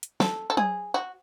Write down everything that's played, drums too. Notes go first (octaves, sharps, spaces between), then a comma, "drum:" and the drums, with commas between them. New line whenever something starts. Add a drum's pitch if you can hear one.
drum: hi-hat
A4, drum: snare
A4
G#4, drum: tom F#3
F#4